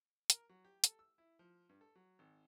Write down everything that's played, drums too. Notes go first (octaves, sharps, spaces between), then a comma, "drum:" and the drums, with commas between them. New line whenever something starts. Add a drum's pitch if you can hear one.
A#4, drum: hi-hat
F#3
G4
A4, drum: hi-hat
E6
E4
F3
G2
A4
F#3
G#1